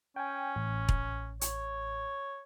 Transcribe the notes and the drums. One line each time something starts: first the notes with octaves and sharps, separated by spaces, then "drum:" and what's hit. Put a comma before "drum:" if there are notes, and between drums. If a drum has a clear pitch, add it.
C#4 G5 G#5
A1
drum: kick E1
C#5, drum: hi-hat